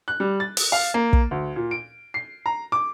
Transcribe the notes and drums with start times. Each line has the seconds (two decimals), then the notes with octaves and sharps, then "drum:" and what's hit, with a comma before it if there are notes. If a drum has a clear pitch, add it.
0.08 F#6
0.20 G3
0.40 A6
0.57 drum: open hi-hat
0.72 F5
0.94 A#3
1.13 drum: kick
1.31 D2
1.56 A#2
1.71 D7
2.14 C7
2.46 A#5
2.72 D6